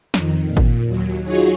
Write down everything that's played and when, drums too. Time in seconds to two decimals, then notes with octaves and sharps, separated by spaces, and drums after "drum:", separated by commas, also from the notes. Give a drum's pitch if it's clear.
0.14 F2 D#3, drum: snare
0.46 A#2
0.57 drum: kick G#1
0.85 D#2 F#3
1.23 F#3 D#4 F4 F#4 G#4 C#5